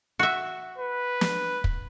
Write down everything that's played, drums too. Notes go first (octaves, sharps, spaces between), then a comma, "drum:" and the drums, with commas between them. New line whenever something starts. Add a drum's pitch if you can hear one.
F#4 E5
B4
drum: snare
drum: kick